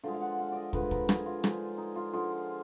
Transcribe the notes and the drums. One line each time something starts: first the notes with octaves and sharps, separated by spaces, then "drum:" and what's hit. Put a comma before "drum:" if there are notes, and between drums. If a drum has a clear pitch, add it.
D3 F3 G#3 F5
F5
F#5
F5
D5 D#5
D3 F3 G#3 B4, drum: kick
A#4, drum: kick
G#4, drum: rim click
F4
D3 F3 G#3 D#4, drum: rim click
D#4
F4
D3 F3 G#3 F4